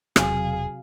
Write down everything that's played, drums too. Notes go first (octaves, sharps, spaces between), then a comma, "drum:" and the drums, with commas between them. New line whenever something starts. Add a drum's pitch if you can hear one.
E1 C3 F#3 G#4 F5, drum: rim click